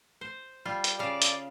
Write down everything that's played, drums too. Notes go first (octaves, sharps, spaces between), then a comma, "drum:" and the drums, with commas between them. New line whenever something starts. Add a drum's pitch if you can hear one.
C5
G3 F4
drum: hi-hat
C#3 D5 F5
drum: hi-hat